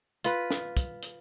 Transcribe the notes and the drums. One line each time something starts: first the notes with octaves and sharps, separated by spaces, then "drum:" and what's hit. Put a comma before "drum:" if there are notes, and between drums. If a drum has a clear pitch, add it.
F4 B4, drum: hi-hat
drum: snare
drum: kick, hi-hat
drum: hi-hat